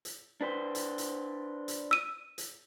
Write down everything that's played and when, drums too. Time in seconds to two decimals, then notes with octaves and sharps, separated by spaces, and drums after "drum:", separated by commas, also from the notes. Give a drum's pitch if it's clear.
0.05 drum: hi-hat
0.41 D4 B4 C5
0.75 drum: hi-hat
0.98 drum: hi-hat
1.68 drum: hi-hat
1.91 E6 D#7
2.38 drum: hi-hat